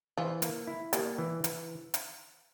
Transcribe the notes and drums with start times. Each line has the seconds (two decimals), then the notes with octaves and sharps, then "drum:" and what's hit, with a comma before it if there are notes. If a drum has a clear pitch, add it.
0.18 E3 F3
0.42 A#3, drum: hi-hat
0.67 E4
0.93 G3 A#3, drum: hi-hat
1.18 E3
1.44 E3, drum: hi-hat
1.94 drum: hi-hat